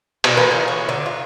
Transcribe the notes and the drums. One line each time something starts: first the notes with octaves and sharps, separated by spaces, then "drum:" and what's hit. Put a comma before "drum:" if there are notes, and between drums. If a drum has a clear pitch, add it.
B2 A5, drum: cymbal
E3 A#3 F#4 B4
E3
C#5
D3
F4